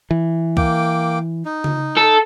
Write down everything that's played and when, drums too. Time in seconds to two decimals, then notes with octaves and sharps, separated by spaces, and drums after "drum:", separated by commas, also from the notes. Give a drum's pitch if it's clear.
0.11 E3
0.57 A#3 G5 D6, drum: kick C#2
1.45 D#4
1.64 drum: tom C#3
1.97 A4